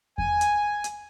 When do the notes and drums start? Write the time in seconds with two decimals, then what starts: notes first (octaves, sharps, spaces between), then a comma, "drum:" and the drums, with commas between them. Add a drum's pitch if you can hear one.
0.18 G#5, drum: kick E2
0.41 drum: hi-hat
0.84 drum: hi-hat